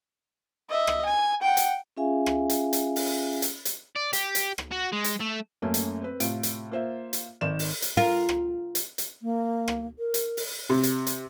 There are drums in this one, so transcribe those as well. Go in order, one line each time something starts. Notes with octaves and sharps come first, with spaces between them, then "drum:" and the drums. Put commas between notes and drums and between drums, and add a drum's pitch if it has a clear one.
D#5 E5
drum: rim click
G#5
F#5 G5
drum: hi-hat
C#4 F4 G#4 E5 F5 G#5
drum: rim click
drum: hi-hat
drum: hi-hat
drum: open hi-hat
drum: hi-hat
drum: hi-hat
D5
G4, drum: hi-hat
drum: hi-hat
drum: rim click
F#4
G#3
drum: hi-hat
A3
F#2 A3 A#3 C#4
drum: hi-hat
C4 B4
A2 C3 F4 D7, drum: hi-hat
drum: hi-hat
A#3 F4 C5 E5 F5
drum: hi-hat
G#1 D#3 D5 E7
drum: open hi-hat
drum: hi-hat
F4 A#4
drum: rim click
drum: hi-hat
drum: hi-hat
A#3
drum: rim click
A#4
drum: hi-hat
drum: open hi-hat
C3
drum: hi-hat
drum: hi-hat